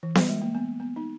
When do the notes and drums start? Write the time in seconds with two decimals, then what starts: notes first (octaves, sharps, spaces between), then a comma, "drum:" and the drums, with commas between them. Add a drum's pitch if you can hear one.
0.03 E3
0.15 G3, drum: snare B3
0.29 G#3
0.42 A#3
0.55 B3
0.80 B3
0.96 D#4